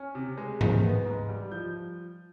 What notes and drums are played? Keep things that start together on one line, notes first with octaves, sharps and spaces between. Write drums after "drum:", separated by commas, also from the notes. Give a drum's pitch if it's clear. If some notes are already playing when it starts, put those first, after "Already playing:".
Already playing: C#4 F6
C3
G#3
D#3, drum: tom G#2
B3
G#2
G3
F3 G6